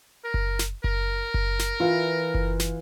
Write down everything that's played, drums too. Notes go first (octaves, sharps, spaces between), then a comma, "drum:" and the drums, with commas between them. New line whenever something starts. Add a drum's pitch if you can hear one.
A#4
drum: kick F#1
drum: snare
A#4, drum: kick F#1
drum: kick F#1
drum: snare
E3 F4
drum: kick F#1
drum: snare